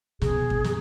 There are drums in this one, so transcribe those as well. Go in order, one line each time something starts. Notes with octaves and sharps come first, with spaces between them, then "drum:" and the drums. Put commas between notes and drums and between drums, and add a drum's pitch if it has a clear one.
B2 G#4, drum: snare
drum: kick F#2
drum: snare